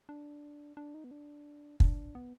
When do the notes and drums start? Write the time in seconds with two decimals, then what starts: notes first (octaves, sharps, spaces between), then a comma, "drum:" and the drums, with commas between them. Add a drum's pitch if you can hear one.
0.09 D4
0.77 D4
0.94 D#4
1.04 B3
1.11 D4
1.80 D4, drum: kick
2.15 B3